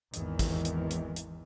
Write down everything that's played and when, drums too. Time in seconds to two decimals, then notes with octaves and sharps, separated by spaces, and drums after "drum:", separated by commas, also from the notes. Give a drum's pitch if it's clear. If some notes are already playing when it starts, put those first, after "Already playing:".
0.14 G#1 E2 D#3 E3, drum: hi-hat
0.39 drum: kick A1, hi-hat
0.65 drum: hi-hat
0.91 drum: hi-hat
1.16 drum: hi-hat